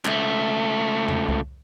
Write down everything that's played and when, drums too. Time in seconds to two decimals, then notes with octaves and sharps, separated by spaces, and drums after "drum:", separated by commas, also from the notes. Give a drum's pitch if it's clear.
0.05 C#2 A3, drum: clap
1.08 drum: tom E2
1.29 drum: kick C2